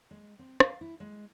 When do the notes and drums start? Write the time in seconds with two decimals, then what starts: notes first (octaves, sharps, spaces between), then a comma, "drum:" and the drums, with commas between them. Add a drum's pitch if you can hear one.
0.11 G#3
0.39 C4
0.60 F5, drum: rim click
0.81 E4
1.00 G#3